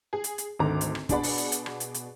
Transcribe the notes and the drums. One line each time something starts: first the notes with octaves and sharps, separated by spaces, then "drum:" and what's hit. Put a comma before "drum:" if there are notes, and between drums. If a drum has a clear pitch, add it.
G#4
drum: hi-hat
drum: hi-hat
G#1 D2 D3 D#3 A#5 D6
drum: hi-hat
drum: rim click
B2 D4 G#4 D5 F#5 B5, drum: kick, hi-hat
drum: open hi-hat
drum: hi-hat
drum: hi-hat
drum: rim click
drum: hi-hat
drum: hi-hat